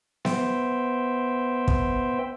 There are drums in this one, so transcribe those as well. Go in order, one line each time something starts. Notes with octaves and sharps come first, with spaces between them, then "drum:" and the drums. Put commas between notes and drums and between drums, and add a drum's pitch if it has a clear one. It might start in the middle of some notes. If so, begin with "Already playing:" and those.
B3 C5 E5 G5, drum: snare B3
drum: kick